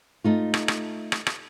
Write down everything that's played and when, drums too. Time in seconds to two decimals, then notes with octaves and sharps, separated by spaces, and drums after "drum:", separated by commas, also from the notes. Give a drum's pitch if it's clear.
0.24 A3 D#4 F4
0.54 drum: rim click
0.68 drum: rim click
1.12 drum: rim click
1.27 drum: rim click